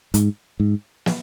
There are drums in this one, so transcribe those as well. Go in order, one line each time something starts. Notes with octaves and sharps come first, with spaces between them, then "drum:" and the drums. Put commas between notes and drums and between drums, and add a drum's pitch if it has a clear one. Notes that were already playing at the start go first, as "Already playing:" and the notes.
G#2, drum: hi-hat
G#2
drum: snare